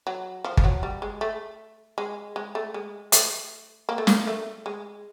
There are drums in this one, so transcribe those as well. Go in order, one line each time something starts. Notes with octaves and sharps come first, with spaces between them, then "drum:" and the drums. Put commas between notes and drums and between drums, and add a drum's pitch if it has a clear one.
F#3
F3
F3, drum: kick G1
F#3
G3
G#3
A3
G#3
G#3
A3
G#3
A3, drum: hi-hat
A#3
A3
A#3, drum: snare
A3
G#3